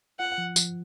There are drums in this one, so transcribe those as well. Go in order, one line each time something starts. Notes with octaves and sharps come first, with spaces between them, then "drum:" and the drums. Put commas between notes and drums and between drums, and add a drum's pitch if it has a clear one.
F4 F#5
F3
F3, drum: tambourine